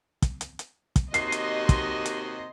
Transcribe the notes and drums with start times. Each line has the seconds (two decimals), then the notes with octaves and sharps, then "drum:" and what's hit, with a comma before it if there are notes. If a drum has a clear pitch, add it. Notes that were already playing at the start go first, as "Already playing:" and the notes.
0.22 drum: kick, hi-hat
0.41 drum: hi-hat
0.59 drum: hi-hat
0.96 drum: kick, hi-hat
1.14 D#2 C3 F#4 D#5 C6 C7, drum: hi-hat
1.32 drum: hi-hat
1.69 drum: kick, hi-hat
2.06 drum: hi-hat